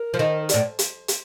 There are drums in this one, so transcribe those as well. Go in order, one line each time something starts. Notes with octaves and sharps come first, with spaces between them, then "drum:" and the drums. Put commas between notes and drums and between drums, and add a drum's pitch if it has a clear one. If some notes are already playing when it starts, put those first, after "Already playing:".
Already playing: A#4
F3
D#3
D5, drum: hi-hat
A2
drum: hi-hat
drum: hi-hat